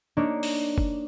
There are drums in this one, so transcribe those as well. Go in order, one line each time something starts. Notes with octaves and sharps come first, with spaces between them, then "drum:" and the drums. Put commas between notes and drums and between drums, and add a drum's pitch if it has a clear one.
A#3 D4 D#4 A#4 C#5
drum: open hi-hat
drum: kick F#1